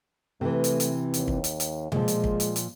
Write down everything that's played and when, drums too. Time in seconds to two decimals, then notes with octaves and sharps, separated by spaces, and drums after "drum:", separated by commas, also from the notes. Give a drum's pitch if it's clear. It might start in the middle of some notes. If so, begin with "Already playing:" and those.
0.41 C3 E3 A3
0.64 drum: hi-hat
0.80 drum: hi-hat
1.14 D#2, drum: hi-hat
1.28 drum: kick
1.44 drum: hi-hat
1.60 drum: hi-hat
1.92 A#2 F3 G#3, drum: tom B2
2.08 drum: hi-hat
2.24 drum: kick
2.40 drum: hi-hat
2.56 drum: hi-hat